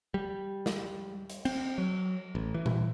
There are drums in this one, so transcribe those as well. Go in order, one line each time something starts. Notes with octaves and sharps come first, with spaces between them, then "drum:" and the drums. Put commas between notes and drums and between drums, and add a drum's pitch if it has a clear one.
G3
drum: snare
drum: hi-hat
C4, drum: cymbal
F#3
A1
E3
drum: tom A#2